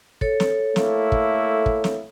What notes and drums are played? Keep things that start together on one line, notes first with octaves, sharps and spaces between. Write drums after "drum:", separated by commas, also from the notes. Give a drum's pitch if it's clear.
A4 C#5, drum: kick
drum: snare
A3 A#3 E4, drum: snare
drum: kick
drum: kick
drum: snare